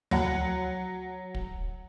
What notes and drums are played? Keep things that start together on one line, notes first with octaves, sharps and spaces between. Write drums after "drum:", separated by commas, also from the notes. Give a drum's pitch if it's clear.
F#3 F#5, drum: tom D2
drum: kick